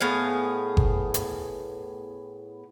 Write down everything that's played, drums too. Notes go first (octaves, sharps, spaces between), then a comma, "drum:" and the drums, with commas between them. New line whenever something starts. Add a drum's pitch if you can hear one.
A2 B3 G#4 F5
drum: kick G1
drum: hi-hat